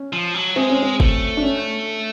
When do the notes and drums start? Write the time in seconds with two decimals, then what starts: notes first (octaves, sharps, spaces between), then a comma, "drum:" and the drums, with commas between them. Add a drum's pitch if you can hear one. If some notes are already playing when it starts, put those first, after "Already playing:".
Already playing: C#4
0.13 F3
0.34 F#3
0.56 G#3 C4
0.69 C#4
0.83 C4
1.00 A3, drum: kick
1.37 D4
1.43 C#4